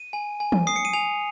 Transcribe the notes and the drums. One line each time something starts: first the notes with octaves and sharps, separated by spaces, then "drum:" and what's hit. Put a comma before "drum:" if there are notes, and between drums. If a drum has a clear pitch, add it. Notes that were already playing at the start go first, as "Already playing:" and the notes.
Already playing: D#7
G#5
G#5
drum: tom E3
D#6 C7
C#7
D#7
G#5 F7